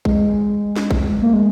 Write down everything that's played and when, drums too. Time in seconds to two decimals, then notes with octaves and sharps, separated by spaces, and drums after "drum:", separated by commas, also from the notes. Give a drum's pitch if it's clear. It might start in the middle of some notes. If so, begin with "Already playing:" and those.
0.05 G#3, drum: kick A#1
0.76 drum: snare
0.91 drum: kick A#1
1.22 A#3
1.33 G#3